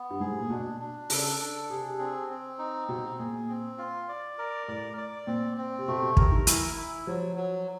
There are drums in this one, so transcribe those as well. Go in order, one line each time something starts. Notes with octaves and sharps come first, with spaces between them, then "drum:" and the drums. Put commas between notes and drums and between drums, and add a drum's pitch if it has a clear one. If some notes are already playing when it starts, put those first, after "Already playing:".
Already playing: B3
G2
G#2 G#4
A2
A#2
B2 D4
D4
C#3 A4, drum: open hi-hat
D4
C3 G#4
C4
C4
D#4
B2 C4
A#2 G#4
C4
F4
D5
A#4
A2 D5
D5
A#2 C4
C4
C3
B2 A3
B2
C3 A#4, drum: kick
D#3
E3 E4, drum: hi-hat
E4
F3 F#3
F#3